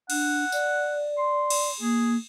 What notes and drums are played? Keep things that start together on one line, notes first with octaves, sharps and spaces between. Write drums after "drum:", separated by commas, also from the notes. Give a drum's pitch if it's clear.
D4 F#5, drum: cymbal
D5, drum: tambourine
C6
drum: cymbal
A#3 G#4